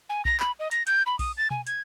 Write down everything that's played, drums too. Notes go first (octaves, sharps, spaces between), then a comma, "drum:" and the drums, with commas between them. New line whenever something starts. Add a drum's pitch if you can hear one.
G#5
A#6, drum: kick B1
B5, drum: clap
D#5
A#6, drum: hi-hat
G6, drum: hi-hat
B5
D#6, drum: kick B1, open hi-hat
A6
G#5, drum: tom B2
G#6, drum: hi-hat